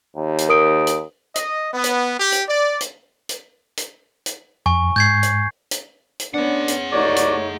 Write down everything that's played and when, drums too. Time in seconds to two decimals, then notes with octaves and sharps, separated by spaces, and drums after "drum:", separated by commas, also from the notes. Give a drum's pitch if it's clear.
0.17 D#2
0.38 drum: hi-hat
0.49 A#4 D#6 D7
0.87 drum: hi-hat
1.35 D#5, drum: hi-hat
1.74 B3
1.84 drum: hi-hat
2.20 G4
2.32 drum: hi-hat
2.49 D5
2.81 drum: hi-hat
3.29 drum: hi-hat
3.77 drum: hi-hat
4.26 drum: hi-hat
4.66 F2 G#5 C#6
4.96 G#2 G6 G#6 C7
5.23 drum: hi-hat
5.71 drum: hi-hat
6.20 drum: hi-hat
6.34 B3 C#4 D4 G#4 F#5
6.68 drum: hi-hat
6.92 C2 A3 D#4 F#4 C#5 D5
7.16 drum: hi-hat